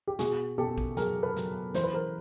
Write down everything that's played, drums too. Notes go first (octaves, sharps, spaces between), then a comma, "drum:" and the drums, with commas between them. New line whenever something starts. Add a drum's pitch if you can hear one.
G4
B2 F#4 G#4, drum: snare
B2 G4 A4
drum: kick
F#3 G#4 A#4, drum: snare
A4 B4
F#3, drum: snare
E3 C5, drum: snare
B4
A#4 C5